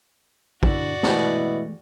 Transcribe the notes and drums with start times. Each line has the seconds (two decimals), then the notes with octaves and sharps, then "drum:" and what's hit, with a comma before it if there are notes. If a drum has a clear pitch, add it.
0.63 D3 E4 F#4 D5, drum: kick
1.03 B2 E3 G#3 A3 E4, drum: snare